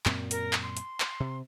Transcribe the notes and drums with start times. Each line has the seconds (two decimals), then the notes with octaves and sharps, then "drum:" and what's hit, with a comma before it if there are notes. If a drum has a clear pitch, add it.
0.06 F#2 A#2 C4, drum: clap
0.31 A#4, drum: hi-hat
0.53 drum: clap
0.63 C6
0.77 drum: hi-hat
1.00 drum: clap
1.20 C3